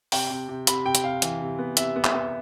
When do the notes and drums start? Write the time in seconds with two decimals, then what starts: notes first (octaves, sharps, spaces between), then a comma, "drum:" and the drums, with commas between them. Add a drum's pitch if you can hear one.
0.12 C3 G5, drum: open hi-hat
0.30 C3
0.48 C3
0.67 C3 B5, drum: hi-hat
0.85 C3 G5
0.95 drum: hi-hat
1.04 C3 F5
1.22 E3, drum: hi-hat
1.40 C3
1.59 B3
1.77 C3 E5, drum: hi-hat
1.96 B3
2.04 E5, drum: clap
2.14 B3